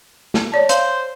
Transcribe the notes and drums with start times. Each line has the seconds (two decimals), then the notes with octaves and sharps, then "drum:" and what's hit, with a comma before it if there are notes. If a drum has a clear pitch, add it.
0.34 drum: snare
0.52 C#5 D5 A5
0.69 C5 F5, drum: hi-hat